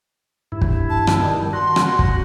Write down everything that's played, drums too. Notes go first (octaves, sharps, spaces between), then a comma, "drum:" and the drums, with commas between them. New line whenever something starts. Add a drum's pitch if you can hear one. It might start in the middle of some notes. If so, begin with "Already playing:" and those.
G2 E4
drum: kick
A5
drum: rim click
D#3 G3 A5
F#4 C6
drum: rim click
drum: kick